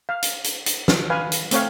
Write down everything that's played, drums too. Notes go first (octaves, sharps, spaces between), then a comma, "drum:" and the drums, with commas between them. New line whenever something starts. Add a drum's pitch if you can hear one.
F5
drum: hi-hat
drum: hi-hat
drum: hi-hat
drum: snare
B4 F5 G#5
drum: hi-hat
A3 C4 C#5 F5, drum: hi-hat